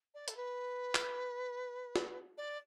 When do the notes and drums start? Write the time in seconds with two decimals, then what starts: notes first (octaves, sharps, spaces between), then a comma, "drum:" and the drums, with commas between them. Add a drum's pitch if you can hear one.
0.14 D5
0.28 A4, drum: hi-hat
0.36 B4
0.95 drum: clap
1.96 drum: snare
2.37 D5